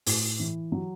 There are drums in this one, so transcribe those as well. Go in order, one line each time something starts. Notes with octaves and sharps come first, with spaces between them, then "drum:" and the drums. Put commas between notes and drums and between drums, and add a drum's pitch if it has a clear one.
A2, drum: open hi-hat
E3
F#3